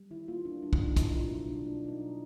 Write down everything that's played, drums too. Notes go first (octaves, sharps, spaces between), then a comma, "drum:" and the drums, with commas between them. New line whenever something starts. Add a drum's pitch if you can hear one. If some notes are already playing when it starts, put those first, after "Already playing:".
Already playing: G3
D#3 E4
A#3 F4
D#3 D4
G3 D4
D4, drum: kick
D#3 D#4
A#3 E4, drum: kick, hi-hat
B2 F4
F#3 E4
B2 D4
A#3 D4
B2
D#4
F#3